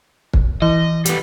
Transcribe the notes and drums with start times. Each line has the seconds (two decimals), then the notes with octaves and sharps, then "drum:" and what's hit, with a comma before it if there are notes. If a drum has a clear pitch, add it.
0.34 drum: kick
0.62 E3 D#5
1.06 G3 B3, drum: hi-hat